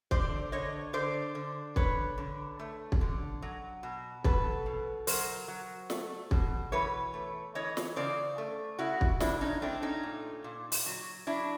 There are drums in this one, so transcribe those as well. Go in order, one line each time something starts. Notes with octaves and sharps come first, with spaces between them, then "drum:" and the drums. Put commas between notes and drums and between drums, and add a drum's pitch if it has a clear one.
D3 C5 D5, drum: kick
D3 C#5 D#5
D3 C5 D5
D3
D3 B4 C#5, drum: kick
D3
A3
drum: kick
D3
F#3
B2
F#3 A4 B4, drum: kick
B2
F#3 A#4 C5, drum: open hi-hat
F#3
A3, drum: snare
B2, drum: kick
E3 B4 C#5
A3
E3 C#5 D#5
drum: snare
C#3 C5 D5
A3
C#3 E4 F#4
drum: kick
C#3 D4 E4, drum: snare
C#4 D#4
A3 C4 D4
C#4 D#4
A#2
A#2
drum: open hi-hat
F#3
F#3 D4 E4